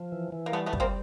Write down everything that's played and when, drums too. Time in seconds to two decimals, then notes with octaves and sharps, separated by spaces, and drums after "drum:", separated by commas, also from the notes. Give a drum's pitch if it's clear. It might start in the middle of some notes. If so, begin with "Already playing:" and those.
Already playing: F3
0.12 E3
0.32 E3
0.46 A#3
0.52 G3 A3 B3
0.66 A3 B3
0.73 G3, drum: kick
0.80 A#3 C4